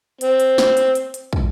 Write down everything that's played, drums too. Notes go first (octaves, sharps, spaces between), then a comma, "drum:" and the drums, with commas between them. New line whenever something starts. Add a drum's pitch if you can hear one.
C4, drum: hi-hat
drum: hi-hat
drum: snare
drum: hi-hat
drum: hi-hat
drum: hi-hat
drum: kick